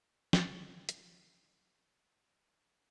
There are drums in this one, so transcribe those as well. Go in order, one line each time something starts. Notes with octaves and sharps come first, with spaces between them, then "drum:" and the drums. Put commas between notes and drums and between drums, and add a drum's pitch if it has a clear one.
G6 A6, drum: snare
drum: hi-hat